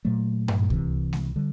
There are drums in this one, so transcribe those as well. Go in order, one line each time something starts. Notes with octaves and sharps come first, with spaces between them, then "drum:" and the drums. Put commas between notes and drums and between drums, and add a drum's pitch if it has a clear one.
A#2 F#3 A3
drum: tom G2
C2 C3 E3, drum: kick C#2
drum: snare G#3
D3 G3